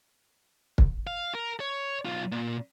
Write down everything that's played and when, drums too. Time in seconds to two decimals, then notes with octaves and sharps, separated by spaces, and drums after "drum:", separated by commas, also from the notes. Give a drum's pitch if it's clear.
0.78 drum: kick
1.07 F5
1.34 A#4
1.60 C#5
2.05 B1 F4
2.32 A#2